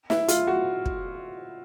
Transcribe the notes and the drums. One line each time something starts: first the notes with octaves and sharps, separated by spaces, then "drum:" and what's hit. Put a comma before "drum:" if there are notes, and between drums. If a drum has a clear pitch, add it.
E4, drum: snare
F4, drum: hi-hat
F#4
drum: kick